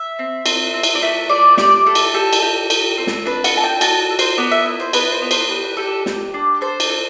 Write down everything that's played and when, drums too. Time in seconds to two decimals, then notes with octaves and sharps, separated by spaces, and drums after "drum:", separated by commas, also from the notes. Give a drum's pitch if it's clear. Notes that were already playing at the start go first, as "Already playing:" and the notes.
Already playing: E5
0.19 C4
0.46 C4, drum: cymbal
0.74 C4
0.83 drum: cymbal
0.95 D5
1.02 A3 E5
1.29 A3 D5
1.57 G4 D5, drum: snare
1.86 A3 A4
1.95 drum: cymbal
2.14 G4 A4
2.33 drum: cymbal
2.42 G4
2.70 G4, drum: cymbal
2.98 C4
3.07 drum: snare
3.25 D4 B4
3.44 F#5, drum: cymbal
3.54 A4 A5
3.64 G5
3.81 F#4 A5, drum: cymbal
4.10 A4
4.19 C5, drum: cymbal
4.37 B3 D5
4.51 E5
4.65 E4
4.80 C5
4.93 B3 B4, drum: cymbal
5.12 C5
5.22 B3
5.31 C5, drum: cymbal
5.49 G4 B4
5.77 G4 A4
6.06 G4, drum: snare
6.34 D4
6.61 A4 C5
6.80 drum: cymbal
6.89 A4